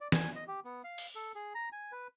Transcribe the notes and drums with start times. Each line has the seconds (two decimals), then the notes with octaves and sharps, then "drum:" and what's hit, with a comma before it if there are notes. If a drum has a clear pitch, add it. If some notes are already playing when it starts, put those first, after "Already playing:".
0.01 D5
0.12 G#5, drum: snare
0.35 D#5
0.48 G4
0.64 B3
0.84 F5
0.98 drum: open hi-hat
1.15 A4
1.35 G#4
1.55 A#5
1.72 G#5
1.92 B4